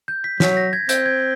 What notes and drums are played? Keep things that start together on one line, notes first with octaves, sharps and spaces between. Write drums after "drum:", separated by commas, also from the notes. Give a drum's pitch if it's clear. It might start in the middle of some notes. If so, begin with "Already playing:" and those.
G6
B6
F#3 B6, drum: snare
A#6
G#6
C4 G6, drum: hi-hat
G#6